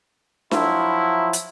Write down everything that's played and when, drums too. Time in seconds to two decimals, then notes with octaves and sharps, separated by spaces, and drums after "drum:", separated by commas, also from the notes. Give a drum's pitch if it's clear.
0.51 F3 F#3 E4, drum: snare D4
1.33 drum: hi-hat